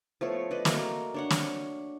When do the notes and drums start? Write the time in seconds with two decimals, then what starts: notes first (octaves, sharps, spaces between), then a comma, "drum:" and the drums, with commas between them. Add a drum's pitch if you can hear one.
0.21 F3 A3 B3 C#5
0.51 B4 D5 D#5
0.65 A3 A#3 F#4 A#5, drum: snare
1.14 D4 C#5 F#5
1.30 drum: snare